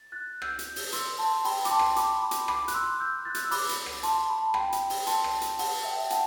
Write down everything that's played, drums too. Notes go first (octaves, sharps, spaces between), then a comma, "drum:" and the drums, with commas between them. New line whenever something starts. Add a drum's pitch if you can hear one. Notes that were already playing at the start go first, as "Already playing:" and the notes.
Already playing: A6
F#6 A6
E6 G6, drum: rim click
drum: hi-hat
drum: open hi-hat
C6 E6, drum: hi-hat
A5 C6
G5 B5, drum: open hi-hat
D6, drum: hi-hat
A5 C6
drum: rim click
B5 D6, drum: hi-hat
B5 D6
drum: hi-hat
B5 D6, drum: rim click
F#6, drum: hi-hat
C6 E6
E6 G6
F#6 A6
drum: hi-hat
E6
B5 D6, drum: open hi-hat
drum: hi-hat
drum: rim click
A5 C6, drum: hi-hat
B5
A5
G5 B5, drum: rim click
drum: hi-hat
drum: open hi-hat
A5 C6, drum: hi-hat
drum: rim click
drum: hi-hat
F#5 A5, drum: open hi-hat
E5 G5
G5
F#5 A5, drum: hi-hat